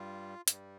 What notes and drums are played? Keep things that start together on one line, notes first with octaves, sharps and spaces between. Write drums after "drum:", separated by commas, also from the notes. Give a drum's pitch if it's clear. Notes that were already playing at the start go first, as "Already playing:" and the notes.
Already playing: G2 G3 F4
G2 G3, drum: hi-hat